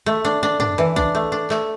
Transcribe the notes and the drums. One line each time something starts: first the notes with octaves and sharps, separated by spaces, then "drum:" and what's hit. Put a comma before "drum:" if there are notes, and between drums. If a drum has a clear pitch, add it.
A3
D4
D4
D4, drum: tom
E3
D4, drum: kick B1
A3
D4
A3, drum: clap